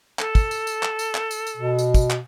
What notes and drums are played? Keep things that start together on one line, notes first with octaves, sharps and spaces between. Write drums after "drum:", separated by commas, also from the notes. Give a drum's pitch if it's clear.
A4, drum: clap
drum: kick, tambourine
drum: tambourine
drum: tambourine
drum: clap
drum: tambourine
drum: clap
drum: tambourine
drum: tambourine
B2
drum: tambourine
drum: kick, tambourine
drum: clap